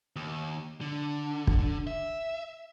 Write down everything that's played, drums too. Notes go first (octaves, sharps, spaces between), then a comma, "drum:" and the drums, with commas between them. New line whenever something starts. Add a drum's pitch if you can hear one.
D#2
D3
drum: kick
E5